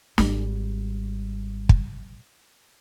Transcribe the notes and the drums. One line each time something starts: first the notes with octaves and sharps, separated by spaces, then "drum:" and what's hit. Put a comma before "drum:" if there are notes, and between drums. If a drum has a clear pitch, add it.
G#1 G3, drum: snare
drum: kick